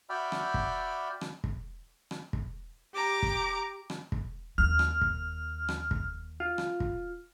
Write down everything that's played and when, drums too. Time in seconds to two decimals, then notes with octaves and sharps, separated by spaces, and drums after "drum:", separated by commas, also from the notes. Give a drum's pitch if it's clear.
0.10 F#4 D5 E5 G5 B5 F6
0.32 drum: rim click
0.54 drum: kick
1.21 drum: rim click
1.44 drum: kick
2.11 drum: rim click
2.33 drum: kick
2.94 G4 A#5 D6
3.23 drum: kick
3.90 drum: rim click
4.12 drum: kick
4.58 D#2 F6
4.79 drum: rim click
5.01 drum: kick
5.69 drum: rim click
5.91 drum: kick
6.40 F4
6.58 drum: rim click
6.80 drum: kick